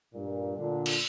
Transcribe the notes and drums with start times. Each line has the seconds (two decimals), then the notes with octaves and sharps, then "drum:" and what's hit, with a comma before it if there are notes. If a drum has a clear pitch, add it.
0.13 G2 A#2
0.57 A#2 D3
0.86 drum: cymbal